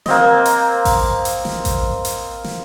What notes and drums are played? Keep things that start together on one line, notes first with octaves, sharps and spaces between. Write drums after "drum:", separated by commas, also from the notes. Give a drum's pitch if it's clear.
A#3 C4 D#5, drum: snare
drum: hi-hat
drum: kick A1, open hi-hat
drum: hi-hat
drum: snare
drum: kick A1, hi-hat
drum: hi-hat
drum: snare